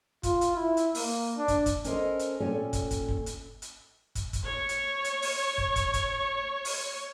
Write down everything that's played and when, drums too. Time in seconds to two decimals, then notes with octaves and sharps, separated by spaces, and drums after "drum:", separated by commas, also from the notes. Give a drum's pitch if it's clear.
0.23 F4, drum: kick, hi-hat
0.41 drum: hi-hat
0.55 E4
0.77 drum: hi-hat
0.95 A#3, drum: open hi-hat
1.36 D4
1.48 drum: kick, hi-hat
1.66 drum: kick, hi-hat
1.84 C#4 A4 A#4 C5 D5 D#5, drum: hi-hat
2.19 drum: hi-hat
2.40 A#2 C#4 A4 C#5 G5 G#5
2.73 drum: kick, hi-hat
2.91 drum: kick, hi-hat
3.08 drum: kick
3.26 drum: hi-hat
3.62 drum: hi-hat
4.15 drum: kick, hi-hat
4.33 drum: kick, hi-hat
4.44 C#5 C#6
4.69 drum: hi-hat
5.04 drum: hi-hat
5.22 drum: open hi-hat
5.58 drum: kick
5.76 drum: kick, hi-hat
5.94 drum: kick, hi-hat
6.65 drum: open hi-hat